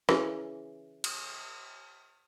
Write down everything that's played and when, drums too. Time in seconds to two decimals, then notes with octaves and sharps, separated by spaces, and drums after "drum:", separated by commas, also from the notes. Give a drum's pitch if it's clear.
0.09 C#3 E3, drum: rim click
1.04 drum: cymbal